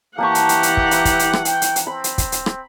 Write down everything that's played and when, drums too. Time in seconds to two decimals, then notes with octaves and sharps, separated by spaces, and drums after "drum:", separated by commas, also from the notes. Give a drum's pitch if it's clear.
0.18 E3 A#3 G4 F#5 A5 C#6
0.35 drum: hi-hat
0.49 drum: hi-hat
0.63 drum: hi-hat
0.77 drum: kick
0.91 B5, drum: hi-hat
1.05 drum: kick, hi-hat
1.19 drum: hi-hat
1.33 drum: rim click
1.45 G5, drum: hi-hat
1.62 drum: hi-hat
1.76 drum: hi-hat
1.87 C4 B5
2.04 drum: hi-hat
2.18 drum: kick, hi-hat
2.32 drum: hi-hat
2.46 drum: rim click